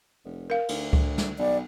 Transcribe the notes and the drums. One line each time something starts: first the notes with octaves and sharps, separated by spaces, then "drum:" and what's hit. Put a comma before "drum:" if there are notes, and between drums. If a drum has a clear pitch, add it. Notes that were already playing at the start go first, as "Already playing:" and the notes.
F1
A#4 F5
D2, drum: cymbal
drum: kick C#2
drum: snare
B1 D5